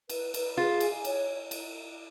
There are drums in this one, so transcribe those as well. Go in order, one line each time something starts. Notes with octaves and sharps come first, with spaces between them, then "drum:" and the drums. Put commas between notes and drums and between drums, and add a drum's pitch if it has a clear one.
B4, drum: cymbal
B4, drum: cymbal
F4 G#4
G#5, drum: cymbal
C#5, drum: cymbal
drum: cymbal